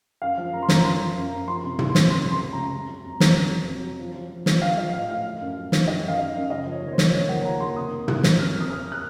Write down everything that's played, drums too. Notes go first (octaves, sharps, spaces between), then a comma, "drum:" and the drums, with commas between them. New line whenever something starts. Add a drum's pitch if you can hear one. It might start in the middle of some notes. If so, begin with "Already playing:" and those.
F#2 F5
F3
F#2 A#5
C6
F#2 A#5, drum: snare
F3 C6
F3
F#2
F#2
F3 C6
C3
C3, drum: tom
C6
C3, drum: snare
C#2 C6
C#2
C6
C#2
C#2 A#5
F#3
F#3
F2
F2, drum: snare
F#3
F#3
F2
F#3
F3
F3
F3
F3, drum: snare
F3 F5
F3 D#5
A2 F5
A2 F5
F#3
F#2
F#3
D#3, drum: snare
F#3 D#5
F#2 F5
F#2 D#5
F#2
C#3 D#5
F3
C#5
D#2
C#5
C5
D#2, drum: snare
C#3 C#5
D#2 F#5
F3 A#5
D#2 C6
C3 D#6
F2
F2 F#6, drum: tom
F#3, drum: snare
F2 F6
F2
D#6
F2 F6
F#6